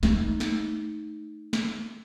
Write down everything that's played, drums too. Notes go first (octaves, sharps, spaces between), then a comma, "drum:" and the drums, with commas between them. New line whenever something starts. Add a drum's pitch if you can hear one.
A3 D#4, drum: snare
drum: snare
drum: snare